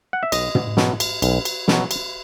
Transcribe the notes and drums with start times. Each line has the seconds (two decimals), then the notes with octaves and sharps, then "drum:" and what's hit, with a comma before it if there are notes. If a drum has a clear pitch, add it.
0.13 F#5
0.23 E5
0.32 B1 D#5, drum: cymbal
0.55 drum: tom
0.77 B2 F#3, drum: snare
1.00 drum: cymbal
1.22 B1, drum: cymbal
1.45 drum: cymbal
1.68 B2, drum: snare
1.73 F#3
1.91 drum: cymbal